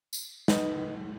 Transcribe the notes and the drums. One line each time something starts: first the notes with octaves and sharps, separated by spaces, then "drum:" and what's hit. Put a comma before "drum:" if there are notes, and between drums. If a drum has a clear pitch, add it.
drum: tambourine
D#4 B4 D#5, drum: snare